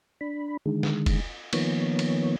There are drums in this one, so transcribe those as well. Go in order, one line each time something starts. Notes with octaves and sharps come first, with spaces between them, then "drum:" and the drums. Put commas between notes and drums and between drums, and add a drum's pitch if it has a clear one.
D4 B5
D3 D#3 G#3
drum: snare
drum: kick, cymbal
D#3 F3 A#3 B3 C#5, drum: cymbal
drum: cymbal